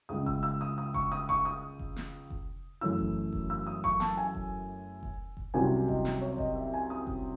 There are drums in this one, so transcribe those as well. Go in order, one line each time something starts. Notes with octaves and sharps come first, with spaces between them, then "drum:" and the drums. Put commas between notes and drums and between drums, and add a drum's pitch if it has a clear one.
C#2 C#3 G#3 D#6
E6, drum: kick F1
E6
D#6
D#6
C#6, drum: kick F1
D#6
C#6, drum: kick F1
D#6
drum: kick F1
drum: snare
drum: kick F1
F#2 E3 A3 C#4 E4 E6
drum: kick F1
drum: kick F1
E6
D#6
C#6, drum: kick F1
A5, drum: snare
G#5
drum: kick F1
drum: kick F1
drum: kick F1
C2 C3 F#3 C#4 E4 G#5
D#5, drum: kick F1
drum: snare
C#5
D#5, drum: kick F1
E5
G#5
D#6
drum: kick F1